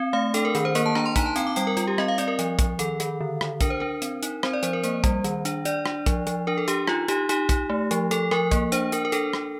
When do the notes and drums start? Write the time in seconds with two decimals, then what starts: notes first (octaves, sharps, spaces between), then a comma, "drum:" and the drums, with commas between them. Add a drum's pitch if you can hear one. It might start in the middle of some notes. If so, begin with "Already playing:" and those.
Already playing: C4
0.13 A3 F5
0.34 D4 A4, drum: hi-hat
0.45 A#4
0.55 D#3, drum: hi-hat
0.65 C5
0.75 A#3 A#4, drum: hi-hat
0.86 A5
0.95 D4 A#5, drum: rim click
1.06 C6
1.16 D#4 A#5, drum: kick, hi-hat
1.26 A5
1.36 C4 G5, drum: hi-hat
1.47 D6
1.56 G3 G5, drum: hi-hat
1.67 A#4
1.77 G3 F4, drum: hi-hat
1.87 G4
1.98 C4 D#5, drum: rim click
2.08 F5
2.18 C4 D5, drum: hi-hat
2.28 A#4
2.39 F3, drum: hi-hat
2.59 F3, drum: kick, hi-hat
2.79 D#3 A4, drum: hi-hat
3.00 D#3, drum: hi-hat
3.21 D3
3.41 D3, drum: rim click
3.61 D4 A#4, drum: kick, hi-hat
3.70 C5
3.80 D4 A#4
4.02 C4, drum: hi-hat
4.23 D#4, drum: hi-hat
4.43 C4 C5, drum: rim click
4.53 D5
4.63 F3 C5, drum: hi-hat
4.73 A#4
4.84 A#3 C5, drum: hi-hat
5.04 G3, drum: kick, hi-hat
5.24 D#3, drum: hi-hat
5.45 D4, drum: hi-hat
5.65 D4 D5, drum: hi-hat
5.86 D4, drum: rim click
6.06 F3, drum: kick, hi-hat
6.27 F3, drum: hi-hat
6.47 D4 A#4
6.58 A4
6.68 D4 G4, drum: hi-hat
6.88 D#4 F4, drum: rim click
7.08 D#4 G4, drum: hi-hat
7.29 D#4 G4, drum: hi-hat
7.49 D#4, drum: kick, hi-hat
7.70 A3
7.91 F3, drum: hi-hat
8.11 F3 A4, drum: hi-hat
8.31 F3 A#4, drum: rim click
8.51 A#3, drum: kick, hi-hat
8.72 D4 C5, drum: hi-hat
8.92 D4 A#4, drum: hi-hat
9.05 A#4
9.12 D4 A4, drum: hi-hat
9.33 D4, drum: rim click